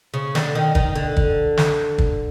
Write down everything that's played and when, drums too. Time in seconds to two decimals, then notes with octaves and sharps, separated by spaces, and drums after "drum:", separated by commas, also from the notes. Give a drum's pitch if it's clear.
0.14 C#3
0.35 D3, drum: snare
0.55 D#3
0.75 D#3, drum: kick
0.95 D3
1.17 drum: kick
1.57 drum: snare
1.98 drum: kick